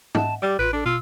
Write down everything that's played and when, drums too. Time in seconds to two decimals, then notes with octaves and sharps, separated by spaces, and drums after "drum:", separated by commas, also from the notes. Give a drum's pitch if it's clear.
0.15 D#5 E5 F#5 A5, drum: tom
0.42 G3 G4 D6 A6
0.59 A1 F4 B4 D7
0.73 D4 A4
0.86 B2 F4 E6